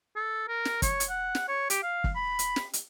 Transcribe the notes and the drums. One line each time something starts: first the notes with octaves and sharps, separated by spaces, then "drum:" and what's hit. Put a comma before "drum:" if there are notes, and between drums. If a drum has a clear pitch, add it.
A4
A#4
drum: snare
C#5, drum: kick, hi-hat
drum: hi-hat
F#5
drum: snare
C#5
G4, drum: hi-hat
F5
drum: kick
B5
drum: hi-hat
drum: snare
drum: hi-hat